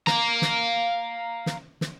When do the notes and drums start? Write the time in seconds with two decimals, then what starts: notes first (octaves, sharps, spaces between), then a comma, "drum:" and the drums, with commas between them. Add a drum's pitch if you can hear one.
0.07 F5 A#5, drum: snare
0.42 drum: snare
1.46 drum: snare
1.81 drum: snare